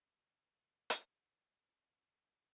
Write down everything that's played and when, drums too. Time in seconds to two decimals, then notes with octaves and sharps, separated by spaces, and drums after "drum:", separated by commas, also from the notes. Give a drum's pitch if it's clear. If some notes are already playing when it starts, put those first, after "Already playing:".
0.03 A3 B3 D4 F#4
0.27 A#2 G3 E5 F#5
0.90 drum: hi-hat
1.02 D5
2.06 C#4